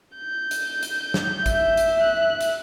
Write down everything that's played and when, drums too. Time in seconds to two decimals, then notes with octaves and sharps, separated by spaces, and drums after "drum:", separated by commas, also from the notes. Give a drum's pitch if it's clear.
0.16 G6
0.51 drum: hi-hat
0.83 drum: hi-hat
1.14 drum: snare
1.46 E5, drum: kick G#1, hi-hat
1.77 drum: hi-hat
2.01 F#6
2.41 drum: hi-hat